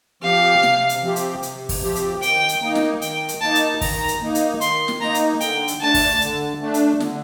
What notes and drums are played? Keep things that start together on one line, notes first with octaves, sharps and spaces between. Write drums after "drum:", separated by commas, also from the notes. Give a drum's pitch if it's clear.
F3 C4 G4 F5
C3, drum: snare
drum: hi-hat
F3 C4 G4
drum: hi-hat
C3, drum: hi-hat
drum: kick, open hi-hat
F3 C4 G4
drum: hi-hat
D#3 G5, drum: hi-hat
drum: hi-hat
A#3 D#4
drum: snare
D#3 G5, drum: hi-hat
drum: hi-hat
A#3 D#4 A5
drum: hi-hat
D#3 A#5, drum: kick, open hi-hat
drum: hi-hat
A#3 D#4
drum: hi-hat
D#3 C6, drum: hi-hat
drum: snare
A#3 D#4 A#5
drum: hi-hat
D3 G5, drum: hi-hat
drum: hi-hat
A3 D4 A5
drum: kick, open hi-hat
D3, drum: hi-hat
A3 D4
drum: hi-hat
D3, drum: snare